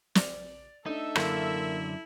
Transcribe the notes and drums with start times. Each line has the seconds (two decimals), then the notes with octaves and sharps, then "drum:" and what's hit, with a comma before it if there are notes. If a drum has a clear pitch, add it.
0.15 D5 F7, drum: snare
0.86 A3 D4 D#4 A4 E5
1.15 F#2 D3 A#3 E4 F5, drum: rim click